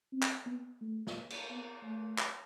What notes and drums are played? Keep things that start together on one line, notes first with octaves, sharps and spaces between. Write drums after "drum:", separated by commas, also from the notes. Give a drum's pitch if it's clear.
C4
drum: clap
B3
A3
drum: snare
drum: cymbal
B3
A3
drum: clap